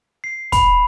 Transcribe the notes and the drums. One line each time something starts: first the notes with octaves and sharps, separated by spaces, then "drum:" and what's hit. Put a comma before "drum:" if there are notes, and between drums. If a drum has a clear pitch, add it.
C7
B5, drum: kick, hi-hat